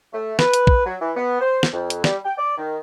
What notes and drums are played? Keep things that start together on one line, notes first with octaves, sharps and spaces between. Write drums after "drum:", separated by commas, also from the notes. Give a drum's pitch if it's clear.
A3
B4, drum: snare
drum: hi-hat
drum: kick
F#3
E3
B3
C5
drum: snare
F2
drum: hi-hat
G3, drum: snare
G5
D5
D#3